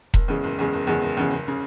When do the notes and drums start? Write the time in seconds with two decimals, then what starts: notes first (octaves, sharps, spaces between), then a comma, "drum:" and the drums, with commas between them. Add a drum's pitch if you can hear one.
0.14 F#1, drum: kick E1
0.28 E2 C#3 G#3
0.44 F#1
0.59 E2 C#3 G#3
0.73 F#1
0.87 E2 C#3 G#3
1.02 F#1
1.17 E2 C#3 G#3
1.31 F#1
1.48 C#3